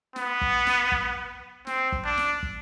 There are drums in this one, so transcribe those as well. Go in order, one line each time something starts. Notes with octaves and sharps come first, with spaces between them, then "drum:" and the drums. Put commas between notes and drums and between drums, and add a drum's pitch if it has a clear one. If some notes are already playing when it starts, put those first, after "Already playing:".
B3, drum: snare
drum: kick
drum: snare
drum: kick
C4, drum: snare
drum: kick
D4
drum: snare
drum: kick